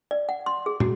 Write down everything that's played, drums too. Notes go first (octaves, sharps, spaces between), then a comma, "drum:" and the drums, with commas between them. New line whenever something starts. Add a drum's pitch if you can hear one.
D5
F#5
C6
G#4
F#4, drum: tom